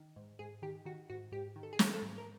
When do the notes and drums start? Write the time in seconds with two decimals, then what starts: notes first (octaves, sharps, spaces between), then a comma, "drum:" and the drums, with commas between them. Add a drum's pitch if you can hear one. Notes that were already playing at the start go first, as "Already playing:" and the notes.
Already playing: D#3
0.16 G#2
0.39 G#2 G#4
0.62 D#3 G4
0.85 D#3 F#4
1.10 G#2 F#4
1.32 G#2 G4
1.56 D#3
1.63 A4
1.73 G#4
1.79 D#3 A4, drum: snare
1.94 A4
2.02 G#2
2.18 A#4